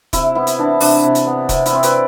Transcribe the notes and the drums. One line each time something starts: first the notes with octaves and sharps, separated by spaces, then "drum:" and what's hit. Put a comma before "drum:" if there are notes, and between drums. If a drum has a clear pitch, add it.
C3 E4, drum: kick, hi-hat
B3 E4
drum: hi-hat
E3 D4
C3 D4, drum: open hi-hat
C3
drum: hi-hat
B3
C3, drum: kick, hi-hat
E4, drum: hi-hat
C4
B4 D5, drum: hi-hat